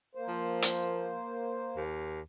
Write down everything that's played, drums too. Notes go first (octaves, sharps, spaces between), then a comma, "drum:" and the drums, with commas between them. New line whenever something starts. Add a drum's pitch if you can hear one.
A#3 C5
F3
drum: hi-hat
D#2